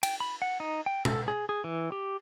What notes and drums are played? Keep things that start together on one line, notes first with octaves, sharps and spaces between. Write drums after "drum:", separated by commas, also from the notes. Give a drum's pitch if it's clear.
G5, drum: cymbal
B5
F#5
D#4
G5
A4, drum: tom B2
G#4
G#4
E3
G4